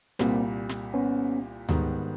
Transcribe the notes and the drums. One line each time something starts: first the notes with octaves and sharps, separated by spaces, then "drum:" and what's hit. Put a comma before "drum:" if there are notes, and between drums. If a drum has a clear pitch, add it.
C2 A#2 G3 A#3 C4, drum: snare
drum: snare
B3 C#4
G#2 D#3 G3 B3 D#4, drum: tom D2